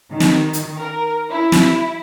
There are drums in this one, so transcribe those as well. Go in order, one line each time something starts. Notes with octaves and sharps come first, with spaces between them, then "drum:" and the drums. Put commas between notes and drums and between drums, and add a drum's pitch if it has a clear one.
D#3
drum: snare
drum: hi-hat
A#4
E4
drum: snare